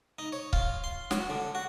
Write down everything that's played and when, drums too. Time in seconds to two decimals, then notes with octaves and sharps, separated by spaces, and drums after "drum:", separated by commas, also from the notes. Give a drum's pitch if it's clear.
0.19 D#4
0.32 C#5
0.53 F4, drum: kick C#1
0.84 C6
1.11 F#3, drum: snare
1.30 D3
1.55 F#4